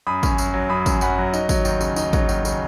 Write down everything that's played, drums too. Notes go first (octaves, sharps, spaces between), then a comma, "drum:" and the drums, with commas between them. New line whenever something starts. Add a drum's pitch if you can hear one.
F#2 B5 D#6
C#4, drum: kick, tambourine
F#2, drum: tambourine
F#3
F#2 B5 D#6
C#4, drum: kick, tambourine
F#2 F#5 B5, drum: tambourine
F#3
D#4, drum: tambourine
F#3, drum: kick, tambourine
D#2, drum: tambourine
C#3, drum: tambourine
D#4, drum: tambourine
F#3, drum: kick, tambourine
D#2, drum: tambourine
C#3, drum: tambourine